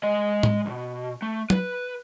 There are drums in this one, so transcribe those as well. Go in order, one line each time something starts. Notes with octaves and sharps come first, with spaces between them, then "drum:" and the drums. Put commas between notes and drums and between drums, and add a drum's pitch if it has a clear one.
G#3 D#5
drum: tom A2
B1 B2
A3
B4, drum: tom F#3